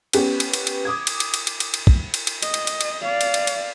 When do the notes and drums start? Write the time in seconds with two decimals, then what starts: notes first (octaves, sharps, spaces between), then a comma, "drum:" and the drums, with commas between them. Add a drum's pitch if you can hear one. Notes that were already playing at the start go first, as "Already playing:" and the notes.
0.13 B3 C#4 G4 B4, drum: cymbal
0.40 drum: cymbal
0.54 drum: cymbal
0.67 drum: cymbal
0.85 D6 D#6 G#6
1.07 drum: cymbal
1.20 drum: cymbal
1.34 drum: cymbal
1.47 drum: cymbal
1.60 drum: cymbal
1.74 drum: cymbal
1.87 drum: kick
2.14 drum: cymbal
2.27 drum: cymbal
2.42 D#5, drum: cymbal
2.54 drum: cymbal
2.67 drum: cymbal
2.81 drum: cymbal
3.03 D5 F5
3.21 drum: cymbal
3.34 drum: cymbal
3.47 drum: cymbal